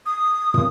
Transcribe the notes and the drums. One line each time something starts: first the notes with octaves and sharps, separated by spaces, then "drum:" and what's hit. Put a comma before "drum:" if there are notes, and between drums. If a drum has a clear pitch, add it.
D#6
drum: tom